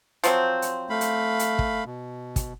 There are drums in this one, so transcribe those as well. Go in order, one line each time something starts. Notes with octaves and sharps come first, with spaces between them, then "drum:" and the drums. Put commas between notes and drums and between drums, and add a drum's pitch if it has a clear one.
F3 F#3 C4, drum: hi-hat
drum: hi-hat
A3 F5 B5
drum: hi-hat
drum: hi-hat
drum: kick
B2
drum: kick, hi-hat